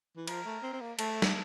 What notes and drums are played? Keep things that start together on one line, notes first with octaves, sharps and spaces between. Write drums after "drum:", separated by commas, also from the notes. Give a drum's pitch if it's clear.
E3
F3 A#4, drum: cymbal
A3
C4
C4
A#3
A3 A4, drum: cymbal
drum: snare